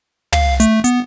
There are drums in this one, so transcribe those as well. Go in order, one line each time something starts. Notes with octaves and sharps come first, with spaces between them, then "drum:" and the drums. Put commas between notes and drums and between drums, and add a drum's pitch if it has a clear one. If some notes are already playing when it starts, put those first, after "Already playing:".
F5, drum: tom
A3, drum: hi-hat
B3, drum: hi-hat